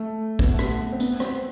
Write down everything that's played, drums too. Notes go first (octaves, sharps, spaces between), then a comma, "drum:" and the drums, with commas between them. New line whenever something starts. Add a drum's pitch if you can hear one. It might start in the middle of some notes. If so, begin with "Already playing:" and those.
Already playing: A3
B3, drum: kick
A3
B3, drum: rim click
C4
B3, drum: tambourine
C4, drum: rim click